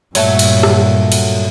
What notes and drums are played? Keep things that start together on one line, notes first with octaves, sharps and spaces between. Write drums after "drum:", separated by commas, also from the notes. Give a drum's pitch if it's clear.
G2 A#2 F#3 A3 A4, drum: cymbal
drum: cymbal
drum: rim click
drum: cymbal